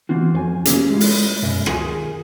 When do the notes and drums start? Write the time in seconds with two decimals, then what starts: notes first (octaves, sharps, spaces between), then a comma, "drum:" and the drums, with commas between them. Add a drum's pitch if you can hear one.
0.09 E3 C4 F4 F#4
0.33 F2 C5 G#5
0.65 A#3 C#4 D4 G4 G#4, drum: hi-hat
0.90 G#3 E4 F4
1.00 drum: open hi-hat
1.42 B1 F#2 E5
1.66 D#2 F4 G#4 A#4 G#5, drum: rim click